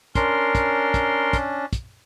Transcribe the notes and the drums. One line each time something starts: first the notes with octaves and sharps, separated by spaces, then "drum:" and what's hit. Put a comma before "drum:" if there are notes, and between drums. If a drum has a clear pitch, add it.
C#4 D4 A#4 C6, drum: kick, hi-hat
drum: kick, hi-hat
drum: kick, hi-hat
drum: kick, hi-hat
drum: kick, hi-hat